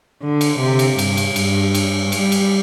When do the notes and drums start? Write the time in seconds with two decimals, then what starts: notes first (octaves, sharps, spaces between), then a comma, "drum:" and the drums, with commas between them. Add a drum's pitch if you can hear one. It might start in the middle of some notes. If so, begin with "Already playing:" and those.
0.22 D3
0.41 drum: cymbal
0.60 C3
0.79 drum: cymbal
0.98 G2, drum: cymbal
1.17 drum: cymbal
1.36 G2, drum: cymbal
1.74 drum: cymbal
2.12 G3, drum: cymbal
2.32 drum: cymbal